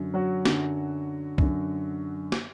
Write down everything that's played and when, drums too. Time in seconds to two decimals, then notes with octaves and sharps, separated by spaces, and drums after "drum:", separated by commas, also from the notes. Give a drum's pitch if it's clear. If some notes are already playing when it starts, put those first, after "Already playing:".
Already playing: F#2 D3
0.14 F#3 F#4
0.45 F#2 D3, drum: snare
1.38 F#2 D3, drum: kick C2
2.32 drum: snare